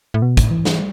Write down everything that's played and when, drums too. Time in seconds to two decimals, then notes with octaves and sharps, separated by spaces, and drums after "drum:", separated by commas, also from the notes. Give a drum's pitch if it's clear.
0.14 A2
0.22 B2
0.37 A2, drum: kick, hi-hat
0.51 E3
0.65 drum: snare